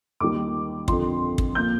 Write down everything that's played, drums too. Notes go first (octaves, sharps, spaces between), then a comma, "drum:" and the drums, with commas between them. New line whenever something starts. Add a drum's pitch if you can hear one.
D#2 D#3 G3 D6
F2 D3 F3 C6, drum: kick
drum: kick
A#2 F3 A#3 G6